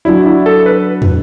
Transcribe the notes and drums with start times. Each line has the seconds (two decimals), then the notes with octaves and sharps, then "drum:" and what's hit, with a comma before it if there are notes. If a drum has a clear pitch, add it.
0.05 F#3 D4 E4 F#4 D5
0.25 E4
0.46 A4
0.66 B4
1.02 drum: tom